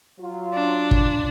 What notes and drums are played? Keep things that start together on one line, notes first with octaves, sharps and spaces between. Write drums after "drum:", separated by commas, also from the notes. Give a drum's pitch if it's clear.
F#3 F4
D4
drum: kick